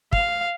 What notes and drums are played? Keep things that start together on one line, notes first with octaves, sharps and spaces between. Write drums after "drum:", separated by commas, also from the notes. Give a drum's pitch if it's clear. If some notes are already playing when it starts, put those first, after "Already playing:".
F5, drum: kick